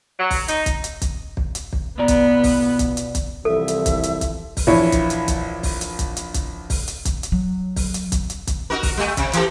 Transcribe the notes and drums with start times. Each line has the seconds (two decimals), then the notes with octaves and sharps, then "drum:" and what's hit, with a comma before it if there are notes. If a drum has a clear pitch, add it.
0.19 F#3
0.30 drum: kick, open hi-hat
0.48 D#4, drum: hi-hat
0.66 drum: kick, hi-hat
0.84 drum: hi-hat
1.02 drum: kick, hi-hat
1.37 drum: kick
1.55 drum: hi-hat
1.73 drum: kick
1.99 B2 B3 D5 A#5
2.08 drum: kick, hi-hat
2.44 drum: kick, open hi-hat
2.79 drum: kick, hi-hat
2.97 drum: hi-hat
3.15 drum: kick, hi-hat
3.45 C2 E3 F3 E4 A4 E5
3.68 drum: hi-hat
3.86 drum: kick, hi-hat
4.03 drum: hi-hat
4.21 drum: kick, hi-hat
4.57 drum: kick, open hi-hat
4.67 A#1 E3 E4 C#5
4.92 drum: kick, hi-hat
5.10 drum: hi-hat
5.28 drum: kick, hi-hat
5.63 drum: kick, open hi-hat
5.81 drum: hi-hat
5.99 drum: kick, hi-hat
6.17 drum: hi-hat
6.34 drum: kick, hi-hat
6.70 drum: kick, open hi-hat
6.88 drum: hi-hat
7.05 drum: kick, hi-hat
7.23 drum: hi-hat
7.32 F#3
7.76 drum: kick, open hi-hat
7.94 drum: hi-hat
8.12 drum: kick, hi-hat
8.30 drum: hi-hat
8.47 drum: kick, hi-hat
8.70 D#4 F#4 A#4
8.83 drum: kick, open hi-hat
8.97 G3 A3
9.17 C3, drum: kick, hi-hat
9.33 E3 G4 A4, drum: hi-hat